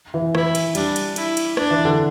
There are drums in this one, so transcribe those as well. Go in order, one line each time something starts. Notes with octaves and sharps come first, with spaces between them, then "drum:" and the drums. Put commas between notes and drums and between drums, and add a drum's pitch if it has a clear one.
E3
E3 E4, drum: rim click
drum: cymbal
G3 D4, drum: cymbal
drum: cymbal
E4, drum: cymbal
drum: cymbal
D4, drum: rim click
E3
D3